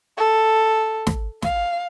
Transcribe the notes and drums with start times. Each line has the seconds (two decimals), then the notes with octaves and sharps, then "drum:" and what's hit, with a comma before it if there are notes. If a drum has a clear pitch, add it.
0.17 A4
1.07 drum: snare
1.42 F5, drum: snare